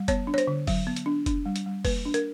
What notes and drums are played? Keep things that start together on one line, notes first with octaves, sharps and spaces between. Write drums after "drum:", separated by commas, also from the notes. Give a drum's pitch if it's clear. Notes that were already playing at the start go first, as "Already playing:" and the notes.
Already playing: G3
B3 C#5, drum: kick F1, hi-hat
D4
C#5
C5, drum: hi-hat
D3
F#3, drum: kick F1, open hi-hat
B3
drum: hi-hat
D4
D4, drum: kick F1, hi-hat
G3
drum: hi-hat
G3
A#3 B4, drum: kick F1, open hi-hat
D4
A#4, drum: hi-hat